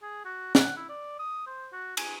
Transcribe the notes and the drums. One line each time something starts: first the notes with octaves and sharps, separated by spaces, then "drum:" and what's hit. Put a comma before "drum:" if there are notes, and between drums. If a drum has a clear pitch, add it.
G#4
F#4
F#5, drum: snare
E4
D5
D#6
C5
F#4
G#5, drum: cymbal